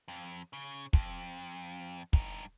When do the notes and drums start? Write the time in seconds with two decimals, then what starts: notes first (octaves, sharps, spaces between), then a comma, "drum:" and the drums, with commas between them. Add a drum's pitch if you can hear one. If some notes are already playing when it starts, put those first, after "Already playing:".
0.08 F2
0.53 C#3
0.93 F2, drum: kick
2.13 G2 D#4, drum: kick